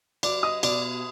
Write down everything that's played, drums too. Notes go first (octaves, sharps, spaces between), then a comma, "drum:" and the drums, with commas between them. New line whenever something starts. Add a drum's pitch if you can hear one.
F#3 D5 D6, drum: cymbal
D#5 D#6
B2 D5 D6, drum: cymbal